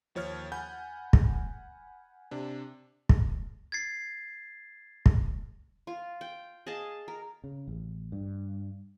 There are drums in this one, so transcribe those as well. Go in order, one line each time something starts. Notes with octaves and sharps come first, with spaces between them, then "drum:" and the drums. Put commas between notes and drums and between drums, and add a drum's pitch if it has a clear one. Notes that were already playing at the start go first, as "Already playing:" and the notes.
D#2 F3 C#5 F6 A6
F#5 G#5 B5 G6
drum: kick
C3 D4
drum: kick
G#6 A6 C7
drum: kick
F4
G5
G#4 D#5 F5 A5
A#4
C#3
A1
G2